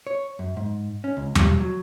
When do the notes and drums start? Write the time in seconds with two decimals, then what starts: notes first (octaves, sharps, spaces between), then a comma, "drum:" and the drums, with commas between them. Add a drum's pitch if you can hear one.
0.07 C#5
0.39 F#2
0.57 G#2
1.04 C#4
1.17 C#2
1.35 G3, drum: tom E2
1.60 F#3